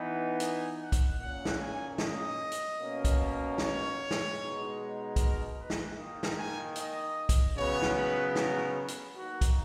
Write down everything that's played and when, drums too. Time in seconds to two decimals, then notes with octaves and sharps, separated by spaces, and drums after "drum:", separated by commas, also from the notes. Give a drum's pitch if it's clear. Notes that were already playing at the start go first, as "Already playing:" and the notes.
Already playing: E3 B3 D#4
0.40 G#5, drum: hi-hat
0.80 F#5
0.92 drum: kick, hi-hat
1.19 A#2 A#3 C#4 F#5
1.45 drum: snare
1.59 G#5
1.98 D#5, drum: snare
2.51 drum: hi-hat
2.77 B2 A#3 C#4
3.05 drum: kick, hi-hat
3.58 C#5, drum: snare
4.11 drum: snare
4.38 B2 G#3 D#4
5.16 A#4, drum: kick, hi-hat
5.57 B4
5.70 drum: snare
5.96 D#3 A#3 D#4 D#5
6.23 drum: snare
6.37 G#5
6.75 D#5, drum: hi-hat
7.29 drum: kick, hi-hat
7.55 C#3 F#3 B3 C#5
7.82 drum: snare
7.96 B4
8.35 A#4, drum: snare
8.88 drum: hi-hat
9.14 D#3 A#3 D#4 F#4
9.41 drum: kick, hi-hat